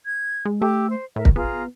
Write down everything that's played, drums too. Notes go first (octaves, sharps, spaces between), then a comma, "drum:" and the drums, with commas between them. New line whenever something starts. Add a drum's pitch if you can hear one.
G#6
G#3
A3 G4 E6
C5
A2 A#4 E5
drum: kick
B3 F4 G#4 A#5